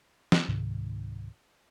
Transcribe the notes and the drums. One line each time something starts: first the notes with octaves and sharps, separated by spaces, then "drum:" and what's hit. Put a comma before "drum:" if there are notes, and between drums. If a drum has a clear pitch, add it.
drum: snare
C#2 G#2 C3 D#3